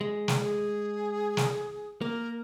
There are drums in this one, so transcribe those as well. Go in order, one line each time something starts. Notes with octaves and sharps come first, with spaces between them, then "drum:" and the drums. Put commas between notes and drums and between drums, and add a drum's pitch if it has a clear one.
G#3
drum: snare
G#4
drum: snare
A#3 A#4